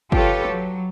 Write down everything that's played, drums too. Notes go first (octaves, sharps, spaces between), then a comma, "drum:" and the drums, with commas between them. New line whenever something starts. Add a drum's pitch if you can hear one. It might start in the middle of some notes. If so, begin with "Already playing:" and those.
F4 G4 A4 B4 C#5, drum: kick G1
F#3